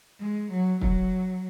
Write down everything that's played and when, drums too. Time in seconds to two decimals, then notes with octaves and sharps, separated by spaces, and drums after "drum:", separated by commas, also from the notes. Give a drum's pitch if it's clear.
0.21 G#3
0.51 F#3
0.81 F#3, drum: kick